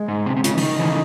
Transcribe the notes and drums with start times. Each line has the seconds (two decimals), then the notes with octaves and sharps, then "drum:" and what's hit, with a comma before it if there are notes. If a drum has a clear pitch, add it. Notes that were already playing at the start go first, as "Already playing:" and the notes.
Already playing: G#3
0.08 G#2
0.26 C3
0.37 C3
0.44 C#3 D#4, drum: hi-hat
0.57 E3, drum: open hi-hat
0.62 D#3
0.79 C#3 E3